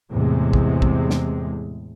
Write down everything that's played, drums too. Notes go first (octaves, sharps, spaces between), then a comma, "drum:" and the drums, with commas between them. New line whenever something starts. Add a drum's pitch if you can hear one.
E2 A2 C3 G#3
drum: kick
drum: kick
drum: snare